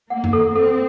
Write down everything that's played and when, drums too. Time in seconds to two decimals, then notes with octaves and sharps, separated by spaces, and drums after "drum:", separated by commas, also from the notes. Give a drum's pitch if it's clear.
0.10 A#3 F#5
0.24 drum: tom F#2
0.33 A4
0.54 C4 A4